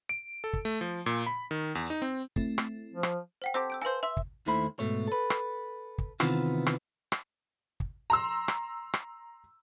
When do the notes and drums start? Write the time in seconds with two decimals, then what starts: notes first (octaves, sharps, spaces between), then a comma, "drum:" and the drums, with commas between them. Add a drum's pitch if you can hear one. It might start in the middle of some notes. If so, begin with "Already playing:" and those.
0.09 D7
0.44 A4
0.53 drum: kick
0.65 A3
0.81 F3
1.06 A#2
1.27 B5
1.51 D#3
1.75 E2
1.90 D#4
2.02 C4
2.36 A3 C4 E4, drum: kick
2.58 drum: rim click
2.94 F3
3.03 drum: rim click
3.42 C5 F#5 G5
3.54 C4 G4 A4 E6
3.70 E6 G6 D7
3.82 A4 B4 C5 F5 G#5
4.03 E5 C6
4.17 drum: kick
4.47 D#2 D#3 A3 E4 C5 B5
4.79 G#2 B2 A3 C#5
5.08 A4 B4
5.30 drum: rim click
5.98 drum: kick
6.20 C3 D#3 E3 B3 C4 F4, drum: rim click
6.66 drum: rim click
7.12 drum: rim click
7.80 drum: kick
8.10 A#5 C6 E6
8.48 drum: rim click
8.94 drum: rim click